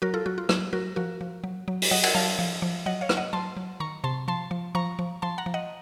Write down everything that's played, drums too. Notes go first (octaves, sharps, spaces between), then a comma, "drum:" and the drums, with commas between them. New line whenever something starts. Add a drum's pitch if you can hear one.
F#3 F#4 A#4
F4 A4
F#3 F#4
F4
F#3 F#4, drum: rim click
F#3 F#4 A#4
F3 F#4 A#4
F3
F#3
F#3
drum: open hi-hat
F#3 D#5 F#5
F#5, drum: cymbal
F#3 F5 A5
F3
F3
F#3 D#5 F#5
C#5 F5
F#3, drum: rim click
D#5 F#5
F#3 A5 C6
F#3
D#3 A#5 C#6
C3 A5 C6
F3 A5 C6
F3
F3 A#5 C#6
F3
F3 A5 C6
F#5 A#5
F3
D#5 F#5